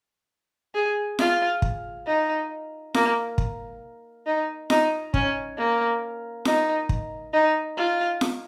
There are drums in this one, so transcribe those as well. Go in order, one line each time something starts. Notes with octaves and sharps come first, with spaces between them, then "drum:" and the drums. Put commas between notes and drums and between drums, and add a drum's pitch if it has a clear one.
G#4
F4, drum: snare
drum: kick
D#4
A#3, drum: snare
drum: kick
D#4
D#4, drum: snare
C#4, drum: kick
A#3
D#4, drum: snare
drum: kick
D#4
F4
drum: snare